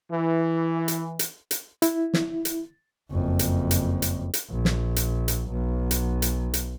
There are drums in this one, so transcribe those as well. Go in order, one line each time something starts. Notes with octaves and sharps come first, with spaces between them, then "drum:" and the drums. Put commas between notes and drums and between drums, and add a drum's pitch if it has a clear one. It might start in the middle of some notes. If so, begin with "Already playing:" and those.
E3
drum: hi-hat
drum: hi-hat
drum: hi-hat
E4, drum: hi-hat
drum: snare
drum: hi-hat
F#1 F2
drum: hi-hat
drum: hi-hat
drum: hi-hat
drum: hi-hat
A#1
drum: snare
drum: hi-hat
drum: hi-hat
B1
drum: hi-hat
drum: hi-hat
drum: hi-hat